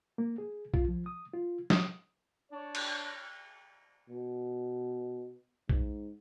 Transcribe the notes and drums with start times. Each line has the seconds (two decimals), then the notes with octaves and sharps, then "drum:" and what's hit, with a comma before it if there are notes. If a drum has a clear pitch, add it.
0.18 A#3
0.38 G#4
0.74 F4, drum: kick B1
0.88 F3
1.06 D#6
1.34 F4
1.70 D#6, drum: snare
2.52 D4 C#5
2.75 drum: cymbal
4.09 B2
5.69 G#2, drum: kick B1